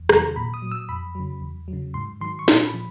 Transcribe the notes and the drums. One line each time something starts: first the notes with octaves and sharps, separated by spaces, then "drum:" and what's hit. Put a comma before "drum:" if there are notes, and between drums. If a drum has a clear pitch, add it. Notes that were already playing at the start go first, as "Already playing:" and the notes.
Already playing: E2
C3 D#3 F#3 A#5, drum: rim click
A#2 B5
D#6
F#3
E6
F2 B5
C#3 F#3
E2
F#3
C#3
G#2 C6
D#3 F#3 C6
C#6
A#2 C6, drum: snare
B5
F3